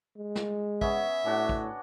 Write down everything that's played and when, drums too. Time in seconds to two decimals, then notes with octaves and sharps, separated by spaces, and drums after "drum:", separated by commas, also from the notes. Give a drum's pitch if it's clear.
0.16 G#3
0.35 drum: snare
0.81 B3 C#4 E5, drum: kick
1.25 A2 C#4 D4 F#4
1.49 drum: kick